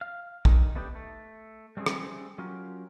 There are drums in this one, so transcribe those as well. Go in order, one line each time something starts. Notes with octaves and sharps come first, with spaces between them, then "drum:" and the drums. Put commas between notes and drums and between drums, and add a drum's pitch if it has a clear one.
F5
D3 D#3 D#4, drum: kick
A3 B3 D4 D#4 G4
A3
G3 A3 C4 C#4 G#4
drum: rim click
F#3 C#4 F4 G4 A#4